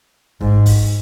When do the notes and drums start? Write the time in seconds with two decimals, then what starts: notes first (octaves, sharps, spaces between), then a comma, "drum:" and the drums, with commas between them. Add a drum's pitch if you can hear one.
0.41 G#2, drum: kick
0.66 drum: kick, open hi-hat